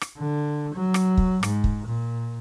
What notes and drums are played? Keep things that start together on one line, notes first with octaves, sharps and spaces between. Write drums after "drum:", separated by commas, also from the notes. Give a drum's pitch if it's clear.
drum: rim click
D3
F#3
drum: rim click
drum: kick
G#2, drum: rim click
drum: kick
A#2